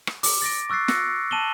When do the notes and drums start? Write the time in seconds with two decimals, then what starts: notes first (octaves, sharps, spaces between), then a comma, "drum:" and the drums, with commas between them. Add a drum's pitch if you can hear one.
0.07 drum: rim click
0.23 D6, drum: open hi-hat
0.42 A6 A#6 D7
0.70 C#6 E6 F#6 A6 C7
0.88 E6 F#6 A#6 C#7, drum: snare
1.31 A5 D#7 E7 F#7 G7